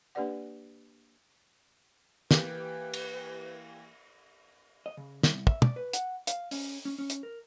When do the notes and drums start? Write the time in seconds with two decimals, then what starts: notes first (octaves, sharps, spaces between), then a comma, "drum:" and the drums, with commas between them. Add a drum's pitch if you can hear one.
0.15 A#3 D4 G4 B4 D5 F#5
2.31 E3 A#3 G4 B4, drum: snare
2.94 drum: cymbal
4.86 D#5
4.97 C#3
5.23 C2, drum: snare
5.47 E5, drum: kick
5.62 D5, drum: tom
5.76 B4
5.93 F#5, drum: hi-hat
6.27 F5, drum: hi-hat
6.51 C#4, drum: open hi-hat
6.85 C#4
6.99 C#4
7.10 drum: hi-hat
7.23 A#4